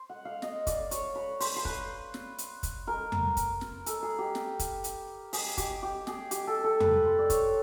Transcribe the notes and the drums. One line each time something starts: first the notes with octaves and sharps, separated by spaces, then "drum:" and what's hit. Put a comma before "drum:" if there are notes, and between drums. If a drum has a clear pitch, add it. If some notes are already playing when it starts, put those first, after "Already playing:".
Already playing: C5
F#5
F5
D#5, drum: snare
D5, drum: kick, hi-hat
C#5, drum: hi-hat
B4
C5, drum: open hi-hat
C5
B4, drum: kick
drum: snare
drum: hi-hat
drum: kick, hi-hat
A#4
drum: tom F2
drum: kick, hi-hat
drum: snare
A4, drum: hi-hat
G#4
G4
drum: snare
drum: kick, hi-hat
drum: hi-hat
G#4, drum: open hi-hat
G4, drum: kick, hi-hat
G4
G#4, drum: snare
G4, drum: hi-hat
A4
A4
B4, drum: tom F2
C5
D5
C#5, drum: kick, hi-hat